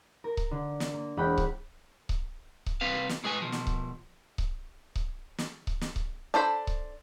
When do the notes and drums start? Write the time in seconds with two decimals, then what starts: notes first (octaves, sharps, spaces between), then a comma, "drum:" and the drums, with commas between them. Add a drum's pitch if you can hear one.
0.24 A#4
0.37 drum: kick C#1
0.51 D3
0.80 drum: snare
0.94 A#3
1.17 E1 F#5 G5 B5 F#6
1.38 drum: kick C#1
2.09 drum: kick C#1
2.66 drum: kick C#1
2.81 C2 G3 C4 B4 F5
3.09 drum: snare
3.24 A2 G#3 G#4 B4 G#5
3.42 B2 F3
3.52 drum: snare
3.67 drum: kick C#1
4.38 drum: kick C#1
4.95 drum: kick C#1
5.38 drum: snare
5.67 drum: kick C#1
5.81 drum: snare
5.96 drum: kick C#1
6.34 D4 A4 C5 B5
6.67 drum: kick C#1